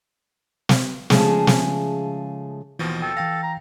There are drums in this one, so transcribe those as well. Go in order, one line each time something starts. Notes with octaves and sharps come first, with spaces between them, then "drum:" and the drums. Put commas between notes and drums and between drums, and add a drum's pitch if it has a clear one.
drum: snare
C#3 F3 G#3 A3 G#4 A5, drum: snare
drum: snare
D#2 B2 E3 F3
A4 G5
E3 F5 G5 A#6
A#5